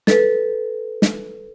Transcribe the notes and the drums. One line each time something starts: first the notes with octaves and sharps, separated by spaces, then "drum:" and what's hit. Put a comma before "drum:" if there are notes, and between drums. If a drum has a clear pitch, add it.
A4 B4, drum: snare
drum: snare